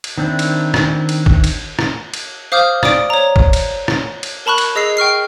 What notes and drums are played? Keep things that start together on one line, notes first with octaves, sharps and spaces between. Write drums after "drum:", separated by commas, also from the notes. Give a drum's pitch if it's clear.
drum: cymbal
D#3 C4 D4 E4
drum: cymbal
drum: rim click
drum: cymbal
drum: kick
drum: cymbal
drum: rim click
drum: cymbal
C5 F5 D6 D#6 F6 G6
D5 D6 D#6 D7, drum: rim click
C#5 A#5
drum: kick
drum: cymbal
drum: rim click
drum: cymbal
A#4 A5 B5 C#6 F#6
drum: cymbal
G#4 D#5 E6 C7
G5 C#6 F6 C7